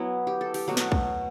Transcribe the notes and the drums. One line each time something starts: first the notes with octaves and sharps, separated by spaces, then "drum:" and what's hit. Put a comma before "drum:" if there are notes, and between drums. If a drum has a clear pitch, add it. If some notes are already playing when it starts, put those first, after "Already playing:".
Already playing: F#3 B3 E4
G4
A4
G4, drum: open hi-hat
B2 F#3 A3 F#4
drum: snare
drum: kick B1